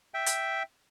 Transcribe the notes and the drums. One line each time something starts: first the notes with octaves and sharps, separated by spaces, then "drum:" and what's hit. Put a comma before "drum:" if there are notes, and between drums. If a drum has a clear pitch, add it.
E5 G5
drum: hi-hat